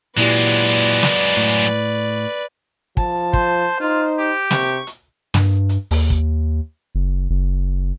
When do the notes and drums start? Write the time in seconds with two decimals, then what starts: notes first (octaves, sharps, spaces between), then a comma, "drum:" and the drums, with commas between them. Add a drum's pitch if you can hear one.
0.17 A#2 F#3 G#3 E4 G4 B4 D5
1.03 drum: snare
1.36 A2, drum: hi-hat
2.97 F3 A5, drum: kick
3.33 C5, drum: kick
3.81 D#4 F4 C5
4.18 G4
4.51 C3 C#6, drum: snare
4.87 drum: hi-hat
5.34 G2, drum: snare
5.69 drum: hi-hat
5.91 D#2, drum: open hi-hat
6.10 drum: kick
6.95 F#1
7.30 F#1